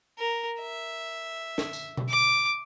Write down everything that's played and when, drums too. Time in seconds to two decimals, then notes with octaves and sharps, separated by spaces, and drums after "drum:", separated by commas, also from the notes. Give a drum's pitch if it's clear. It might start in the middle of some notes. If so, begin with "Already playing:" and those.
0.19 A#4
0.61 E5
1.58 drum: snare
1.73 drum: tambourine
1.97 drum: tom B2
2.09 D6